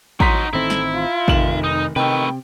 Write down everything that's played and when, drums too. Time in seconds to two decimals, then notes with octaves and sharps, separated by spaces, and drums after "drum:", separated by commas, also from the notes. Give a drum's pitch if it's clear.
0.20 F#3 D#4 F#4 A#5 C6 B6, drum: kick
0.53 A1 D#3 A3 C4 E4
0.70 drum: snare
0.94 F4
1.28 F1 D#3 E7 F#7, drum: kick
1.64 D#4
1.96 C3 D#3 A3 B4 G5